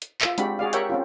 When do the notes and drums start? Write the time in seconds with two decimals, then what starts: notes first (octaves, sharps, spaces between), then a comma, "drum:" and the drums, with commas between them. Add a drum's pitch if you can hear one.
0.02 drum: hi-hat
0.21 F4 E5, drum: clap
0.38 G#3 C4 D4 F#4 G4 B5, drum: hi-hat
0.59 F#4 G#4 D5 F5
0.73 G4 A#4 C#5 E5 F#5 G5, drum: hi-hat
0.90 C4 C#4 F4